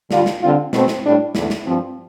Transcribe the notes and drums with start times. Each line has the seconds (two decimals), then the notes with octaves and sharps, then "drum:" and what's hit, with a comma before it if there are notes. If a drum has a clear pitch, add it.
0.11 D3 G3 D4 F4, drum: snare
0.26 drum: snare
0.42 D3 G3 C4 F4
0.73 B2 A3 C4, drum: snare
0.88 drum: snare
1.04 A2 G3 D4
1.35 E2 D3 A3, drum: snare
1.50 drum: snare
1.66 G2 F3 C4